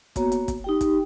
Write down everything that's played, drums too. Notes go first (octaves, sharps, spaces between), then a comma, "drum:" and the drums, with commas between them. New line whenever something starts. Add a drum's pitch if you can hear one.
A#3 B3 F#4 C#5 A#5, drum: kick, hi-hat
drum: hi-hat
drum: kick, hi-hat
D#4 G4 G5
drum: kick, hi-hat